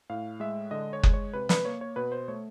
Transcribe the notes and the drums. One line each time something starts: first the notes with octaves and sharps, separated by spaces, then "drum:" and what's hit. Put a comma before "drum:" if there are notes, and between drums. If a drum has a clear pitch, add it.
A2 F5
G#3 E5
D3 D#5
C#5
G#3, drum: kick F#1
C#5
C3 B4
B4, drum: snare
A#3 C#5
C#5
B2 B4
C5
A3 C#5